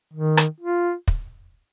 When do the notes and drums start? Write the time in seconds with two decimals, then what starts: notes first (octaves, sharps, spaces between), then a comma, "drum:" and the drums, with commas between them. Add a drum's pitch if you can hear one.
0.13 D#3
0.37 drum: rim click
0.60 F4
1.08 drum: kick